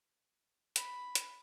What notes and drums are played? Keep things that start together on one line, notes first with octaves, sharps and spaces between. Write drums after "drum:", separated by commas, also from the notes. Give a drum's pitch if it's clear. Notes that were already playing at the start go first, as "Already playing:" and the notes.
B5, drum: hi-hat
drum: hi-hat